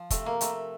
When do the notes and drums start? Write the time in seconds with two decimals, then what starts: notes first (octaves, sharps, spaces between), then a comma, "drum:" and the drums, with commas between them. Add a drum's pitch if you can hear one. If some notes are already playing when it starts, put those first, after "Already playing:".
Already playing: F3
0.10 C3 A3, drum: kick, hi-hat
0.26 A#3
0.41 C3 A3, drum: hi-hat